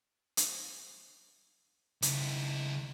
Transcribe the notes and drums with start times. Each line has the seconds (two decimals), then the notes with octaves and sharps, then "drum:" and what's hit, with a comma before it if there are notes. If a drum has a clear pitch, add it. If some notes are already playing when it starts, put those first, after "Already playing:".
0.37 drum: hi-hat
2.02 C#2 E4, drum: hi-hat